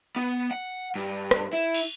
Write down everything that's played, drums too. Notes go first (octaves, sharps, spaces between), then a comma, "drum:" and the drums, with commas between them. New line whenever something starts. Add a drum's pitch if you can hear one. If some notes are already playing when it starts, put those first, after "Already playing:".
B3
F#5
G2
drum: rim click
E4
drum: cymbal